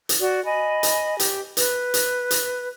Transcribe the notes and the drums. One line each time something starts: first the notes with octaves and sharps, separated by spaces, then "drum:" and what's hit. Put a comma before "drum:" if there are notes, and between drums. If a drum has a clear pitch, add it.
drum: hi-hat
F#4 D5
D#5 G#5 B5
drum: hi-hat
G4, drum: hi-hat
B4, drum: hi-hat
drum: hi-hat
drum: hi-hat